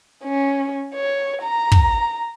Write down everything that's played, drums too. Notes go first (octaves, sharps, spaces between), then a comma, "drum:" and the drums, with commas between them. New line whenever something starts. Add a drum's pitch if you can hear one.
C#4
C#5
A#5
drum: kick